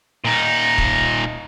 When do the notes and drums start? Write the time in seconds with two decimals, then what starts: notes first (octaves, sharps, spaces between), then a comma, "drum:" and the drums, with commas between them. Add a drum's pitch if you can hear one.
0.25 A#2 D#4
0.78 drum: kick